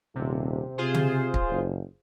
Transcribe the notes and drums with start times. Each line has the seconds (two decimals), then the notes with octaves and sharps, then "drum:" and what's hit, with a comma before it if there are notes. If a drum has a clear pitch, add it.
0.15 D#1 C3
0.78 C3 F4 G#4 C5
0.94 drum: tom C#3
1.34 drum: kick
1.50 F#1